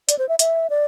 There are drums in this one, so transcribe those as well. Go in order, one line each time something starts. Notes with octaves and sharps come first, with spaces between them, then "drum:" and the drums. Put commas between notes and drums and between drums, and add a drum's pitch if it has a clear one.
D5, drum: hi-hat
C5
E5
E5, drum: hi-hat
D5